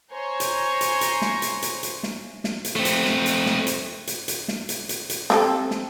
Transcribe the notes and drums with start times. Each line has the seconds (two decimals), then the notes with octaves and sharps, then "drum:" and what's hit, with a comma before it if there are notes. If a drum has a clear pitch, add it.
0.12 C5 C#5 G#5 A#5 C6
0.40 drum: hi-hat
0.81 drum: hi-hat
1.01 drum: hi-hat
1.22 drum: snare
1.42 drum: hi-hat
1.62 drum: hi-hat
1.83 drum: hi-hat
2.03 drum: snare
2.44 drum: snare
2.65 drum: hi-hat
2.76 A3 C4
2.85 drum: hi-hat
3.05 drum: snare
3.26 drum: hi-hat
3.46 drum: snare
3.67 drum: hi-hat
4.07 drum: hi-hat
4.28 drum: hi-hat
4.48 drum: snare
4.69 drum: hi-hat
4.89 drum: hi-hat
5.10 drum: hi-hat
5.30 C4 G4 A4, drum: snare
5.71 drum: snare